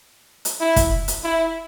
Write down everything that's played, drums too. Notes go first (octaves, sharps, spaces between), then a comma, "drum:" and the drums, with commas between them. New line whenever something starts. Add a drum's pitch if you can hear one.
drum: hi-hat
E4
drum: kick, hi-hat
drum: hi-hat
E4